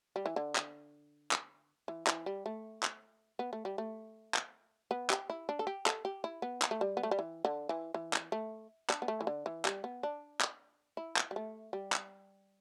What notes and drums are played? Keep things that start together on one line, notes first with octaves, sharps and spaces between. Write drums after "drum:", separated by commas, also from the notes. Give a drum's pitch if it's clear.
G3
E3
D3
drum: clap
drum: clap
E3
E3, drum: clap
G3
A3
drum: clap
B3
A3
G3
A3
drum: clap
B3
G4, drum: clap
E4
D4
A4
G4
A4, drum: clap
G4
E4
B3
drum: clap
A3
G3
B3
A3
G3
E3
D3
E3
E3
drum: clap
A3
D4, drum: clap
B3
A3
E3
D3
E3
G3, drum: clap
B3
D4
drum: clap
E4
drum: clap
G3
A3
G3
drum: clap